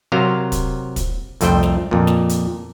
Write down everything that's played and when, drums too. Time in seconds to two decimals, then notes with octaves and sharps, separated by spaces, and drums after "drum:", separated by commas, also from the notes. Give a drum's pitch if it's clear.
0.12 C3 F#3 A#4 C5 F5 A#5
0.52 drum: kick, hi-hat
0.96 drum: kick, hi-hat
1.41 C2 F2 A3 C5 G5, drum: hi-hat
1.63 drum: snare
1.91 F2 A#2
2.07 drum: snare
2.29 drum: hi-hat